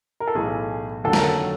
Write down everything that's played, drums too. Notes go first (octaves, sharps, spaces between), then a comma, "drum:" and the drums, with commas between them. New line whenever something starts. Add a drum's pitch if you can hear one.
A#4
A4
B1 A2 E3 G#4
F1 D#2 D3 F#3 A4
A#4, drum: snare
A4